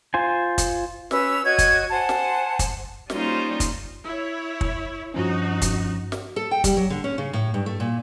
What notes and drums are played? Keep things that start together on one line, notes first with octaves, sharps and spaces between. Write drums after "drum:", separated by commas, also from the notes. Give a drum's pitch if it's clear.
F4 C5 G#5
drum: kick, hi-hat
C#4 B4 E6, drum: snare
F#4 C#5 D#5 G#6
drum: kick, hi-hat
C5 F#5 G#5 A5
drum: snare
drum: kick, hi-hat
G3 A#3 C#4 D#4 F4 C5, drum: snare
drum: kick, hi-hat
E4 C#5
drum: kick
G2 F3 C#4 D#4 F#4
drum: kick, hi-hat
drum: snare
A4
G5
G3, drum: kick, hi-hat
F#3
D3
C#4
C#3
A2
G2
A3
A#2